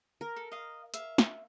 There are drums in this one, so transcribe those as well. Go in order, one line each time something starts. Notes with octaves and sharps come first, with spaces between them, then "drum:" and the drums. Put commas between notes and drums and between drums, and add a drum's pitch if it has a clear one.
A#4
A4
D#5 F5
E5 F5, drum: hi-hat
drum: snare